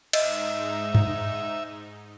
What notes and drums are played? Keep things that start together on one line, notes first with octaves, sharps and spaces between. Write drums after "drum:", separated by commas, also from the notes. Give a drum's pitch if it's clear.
G#2 D#4 D#5 E5, drum: cymbal
drum: tom G2